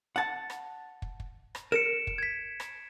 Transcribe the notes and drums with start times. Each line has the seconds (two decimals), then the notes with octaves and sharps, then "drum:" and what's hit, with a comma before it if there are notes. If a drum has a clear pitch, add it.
0.16 F#5 A5
0.50 drum: rim click
1.02 drum: kick
1.20 drum: kick
1.55 drum: rim click
1.72 A#4 C#7 D7 E7
2.07 drum: kick
2.18 G#6 B6
2.60 drum: rim click